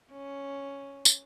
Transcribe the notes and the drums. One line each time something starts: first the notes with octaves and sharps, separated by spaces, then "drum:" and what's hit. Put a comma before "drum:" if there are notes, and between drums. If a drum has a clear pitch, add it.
C#4
drum: tambourine